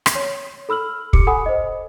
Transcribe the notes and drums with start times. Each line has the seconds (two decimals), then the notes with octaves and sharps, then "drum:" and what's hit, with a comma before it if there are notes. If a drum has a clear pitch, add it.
0.06 drum: rim click
0.15 C#5
0.69 A4 B5 E6 F6 F#7
1.13 G4 D6 C#7, drum: kick
1.27 A4 F#5 G#5 B5 D#6
1.46 C5 D#5